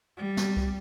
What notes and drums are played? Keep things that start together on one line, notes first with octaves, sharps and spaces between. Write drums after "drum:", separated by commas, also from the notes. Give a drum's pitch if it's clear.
G3
drum: snare
drum: kick C2